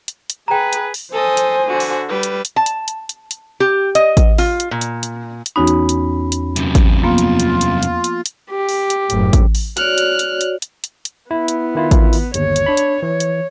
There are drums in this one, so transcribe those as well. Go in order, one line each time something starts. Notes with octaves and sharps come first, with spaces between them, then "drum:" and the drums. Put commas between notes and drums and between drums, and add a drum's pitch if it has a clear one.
drum: hi-hat
drum: hi-hat
G#4 B4 G5 A#5
drum: hi-hat
drum: open hi-hat
A4 C5 D#5 G#5
drum: hi-hat
D3 F#4
drum: open hi-hat
G3 B4
drum: hi-hat
drum: hi-hat
A5
drum: hi-hat
drum: hi-hat
drum: hi-hat
drum: hi-hat
G4
D#5, drum: hi-hat
drum: kick A1, hi-hat
F4, drum: open hi-hat
drum: hi-hat
A#2
drum: hi-hat
drum: hi-hat
drum: hi-hat
E2 C#4 D#4 F#4 B5
drum: hi-hat
drum: hi-hat
drum: hi-hat
F#2 C3, drum: hi-hat
drum: kick A1, hi-hat
F3 A#3 B3 F4
drum: hi-hat
drum: hi-hat
drum: hi-hat
drum: hi-hat
drum: hi-hat
drum: hi-hat
G4
drum: open hi-hat
drum: hi-hat
F#1 A2, drum: hi-hat
drum: kick A1, hi-hat
drum: open hi-hat
F#4 C#5 D5 F6 F#6, drum: hi-hat
drum: hi-hat
drum: hi-hat
drum: hi-hat
drum: hi-hat
drum: hi-hat
drum: hi-hat
B3 E4
drum: hi-hat
D#3 E4 F4
drum: kick A1, hi-hat
drum: open hi-hat
G1 D#2 C#5, drum: hi-hat
drum: hi-hat
D4 B5
drum: hi-hat
E3 C#5
drum: hi-hat